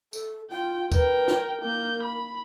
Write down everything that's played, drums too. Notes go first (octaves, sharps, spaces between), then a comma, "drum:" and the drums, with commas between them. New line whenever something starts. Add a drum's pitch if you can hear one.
A4, drum: tambourine
F4 G5
A#4 B4 G5, drum: kick, tambourine
drum: snare
A#3 A#4 G6
B5